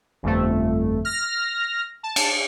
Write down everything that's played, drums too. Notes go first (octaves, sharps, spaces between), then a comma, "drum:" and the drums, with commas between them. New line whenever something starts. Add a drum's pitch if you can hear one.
G1 F2 A3
F6 A#6
A5
drum: cymbal